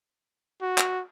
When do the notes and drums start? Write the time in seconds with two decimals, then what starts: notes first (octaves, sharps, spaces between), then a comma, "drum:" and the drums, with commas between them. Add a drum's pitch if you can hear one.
0.62 F#4
0.78 drum: clap